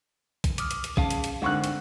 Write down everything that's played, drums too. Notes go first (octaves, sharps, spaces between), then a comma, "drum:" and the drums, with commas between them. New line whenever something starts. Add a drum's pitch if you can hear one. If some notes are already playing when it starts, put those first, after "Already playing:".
drum: kick A#1, hi-hat
D6 D#6 F6, drum: hi-hat
drum: hi-hat
drum: hi-hat
C#4 G#4 F5 A5, drum: kick A#1
drum: hi-hat
drum: hi-hat
G#2 D3 C4 D4 C#6 F#6
drum: hi-hat